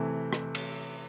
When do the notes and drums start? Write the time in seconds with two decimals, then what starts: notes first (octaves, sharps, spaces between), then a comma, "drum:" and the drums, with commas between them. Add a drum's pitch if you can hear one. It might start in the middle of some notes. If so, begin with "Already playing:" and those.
Already playing: C3 E3 A3 E4
0.33 drum: rim click
0.55 drum: cymbal